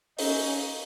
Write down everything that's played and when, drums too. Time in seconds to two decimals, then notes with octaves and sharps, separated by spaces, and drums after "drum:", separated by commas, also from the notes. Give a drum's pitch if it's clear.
0.19 C#4 D#4, drum: open hi-hat